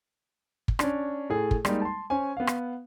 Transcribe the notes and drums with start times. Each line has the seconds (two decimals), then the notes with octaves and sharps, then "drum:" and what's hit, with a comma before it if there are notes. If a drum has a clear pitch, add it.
0.68 drum: kick
0.79 C#4 D4, drum: rim click
1.30 A2 A3 G#4
1.51 drum: kick
1.65 G3 G#3 A#3 D#4, drum: rim click
1.82 A5 C6
2.10 C#4 C5 G#5
2.37 B3 F5
2.47 drum: rim click